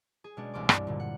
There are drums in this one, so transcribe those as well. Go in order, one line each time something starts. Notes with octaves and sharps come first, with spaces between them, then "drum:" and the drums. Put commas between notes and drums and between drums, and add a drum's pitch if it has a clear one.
G#4
B2 G#3 C#4 D4
E1 C2 A#3 C6 D6
G2, drum: rim click
A#2 D3
F#5